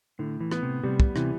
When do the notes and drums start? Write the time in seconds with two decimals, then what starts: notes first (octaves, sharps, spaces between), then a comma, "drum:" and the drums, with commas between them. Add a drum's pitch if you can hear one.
0.19 A2 D3
0.41 E3
0.51 B3, drum: rim click
0.63 C3
0.83 C3 G3
1.00 drum: kick
1.16 C3 E3, drum: rim click